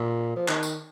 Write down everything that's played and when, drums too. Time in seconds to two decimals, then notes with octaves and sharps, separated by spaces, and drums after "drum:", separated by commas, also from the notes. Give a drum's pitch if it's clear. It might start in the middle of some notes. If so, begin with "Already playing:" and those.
Already playing: A#2
0.36 F3
0.48 D#3, drum: clap
0.63 drum: tambourine